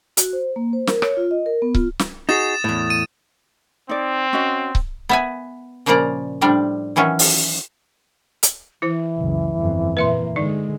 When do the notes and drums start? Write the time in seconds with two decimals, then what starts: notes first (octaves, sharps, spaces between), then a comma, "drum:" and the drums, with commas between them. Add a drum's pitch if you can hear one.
0.17 F#4, drum: hi-hat
0.33 C5
0.56 A#3
0.73 C5
0.87 A#4, drum: snare
1.02 C#5, drum: rim click
1.17 F4
1.31 D#5
1.46 A#4
1.62 B3
1.75 F4, drum: kick C#1
1.99 drum: snare
2.29 D#4 F#4 G#4 D#6 A6 E7
2.64 E2 A2
2.90 D#7
3.89 C4 D#4 D5
4.33 C#4 F#4 D#5
4.75 drum: kick C#1
5.09 B3 E5 G#5
5.86 A#2 C#3 F3 A#3 D5 A#5
6.41 A2 F3 G3 D4
6.96 D#3 E3 F#3 C#4
7.19 drum: open hi-hat
8.43 drum: hi-hat
8.82 E3 E4 C5
9.18 F#1 C#2
9.56 G1 F2
9.97 A#2 A#3 B4 E5 C6
10.36 D3 G#3 D#4 D5